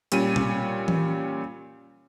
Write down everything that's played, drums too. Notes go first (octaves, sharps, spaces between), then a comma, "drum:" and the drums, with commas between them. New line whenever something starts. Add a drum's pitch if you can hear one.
A#2 G3 C#4 D#7, drum: hi-hat
drum: tom
drum: tom E3